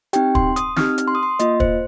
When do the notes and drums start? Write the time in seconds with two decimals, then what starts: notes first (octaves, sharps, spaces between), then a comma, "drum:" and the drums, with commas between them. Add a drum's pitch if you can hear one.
0.13 C4 D#4 G4 G5, drum: hi-hat
0.35 C6, drum: kick
0.56 D#6, drum: hi-hat
0.76 C4 D#4 G4 F6, drum: snare
0.98 drum: hi-hat
1.08 C6
1.15 D#6
1.23 C6
1.39 A#3 F4 D#5, drum: hi-hat
1.60 C5, drum: kick